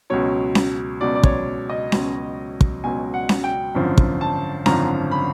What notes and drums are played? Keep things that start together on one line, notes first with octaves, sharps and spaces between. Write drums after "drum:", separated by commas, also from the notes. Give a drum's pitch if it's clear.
C#2 B2 F#3 C#5
drum: snare C#4
C#2 B2 F#3 D5
D5
C#5, drum: kick
D#5
C#2 B2 F#3, drum: snare C#4
drum: kick
C#2 B2 F#3 G#5
F#5
drum: snare C#4
G5
G#1 F#2 D3 F3
drum: kick
A5
G#1 F#2 D3 F3 A#5, drum: snare C#4
B5